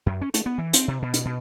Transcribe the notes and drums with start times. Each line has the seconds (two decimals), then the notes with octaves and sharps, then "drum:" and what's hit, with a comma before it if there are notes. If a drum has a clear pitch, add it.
0.06 F#2
0.21 C#4
0.34 A3, drum: hi-hat
0.46 B3
0.58 E3
0.73 C4, drum: hi-hat
0.88 C3
1.02 B2
1.14 drum: hi-hat
1.25 B2